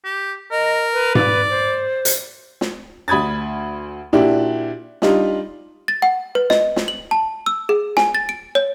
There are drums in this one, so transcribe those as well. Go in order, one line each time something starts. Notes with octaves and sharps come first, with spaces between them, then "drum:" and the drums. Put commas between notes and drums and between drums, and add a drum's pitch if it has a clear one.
G4
A#4 D#5
B4
D5, drum: tom G#2
C5
drum: hi-hat
drum: snare
D2 B5 D#6 G#6 A6
A#2 D4 E4 F#4 G4
G3 D4 D#4 F4, drum: snare
A6
F#5
B4
D#5, drum: snare
drum: snare
F#7
A5
E6
G#4
G#5, drum: snare
A6
D7
C#5